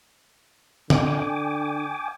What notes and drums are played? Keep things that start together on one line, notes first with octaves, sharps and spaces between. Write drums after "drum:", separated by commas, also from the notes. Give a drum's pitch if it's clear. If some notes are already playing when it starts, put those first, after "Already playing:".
D3 G5 G#5 D6, drum: tom D3